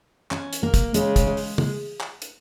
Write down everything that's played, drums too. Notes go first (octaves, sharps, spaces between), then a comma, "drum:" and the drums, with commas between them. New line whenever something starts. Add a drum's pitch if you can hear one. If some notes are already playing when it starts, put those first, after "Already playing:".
C#4, drum: clap
drum: hi-hat
A#3
drum: kick, hi-hat
C#3 G#3, drum: hi-hat
drum: kick, hi-hat
G#3
drum: open hi-hat
G#3, drum: tom
drum: clap
drum: hi-hat